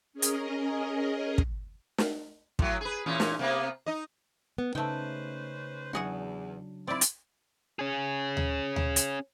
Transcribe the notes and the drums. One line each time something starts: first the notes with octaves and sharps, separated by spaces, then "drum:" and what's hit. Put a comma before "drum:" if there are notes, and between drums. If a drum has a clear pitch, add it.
C#4 G#4 A#4 D#5
drum: hi-hat
drum: kick
drum: snare
A2 F#3, drum: kick
G#4 B4
A#2 E3 C#4
drum: snare
C3 A#3 B3
D#4 D#5
B3
C#3 A3 C#4 D#4 B4 C5 G5
E2 F#3 D4 F#4 G#4 F#5
C4 E4 F4 C5 D5
drum: hi-hat
C#4 G#4
drum: tom D2
drum: tom D2
drum: hi-hat